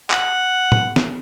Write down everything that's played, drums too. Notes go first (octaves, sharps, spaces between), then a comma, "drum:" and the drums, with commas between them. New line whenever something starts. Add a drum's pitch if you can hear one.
F#5, drum: clap
drum: tom
drum: snare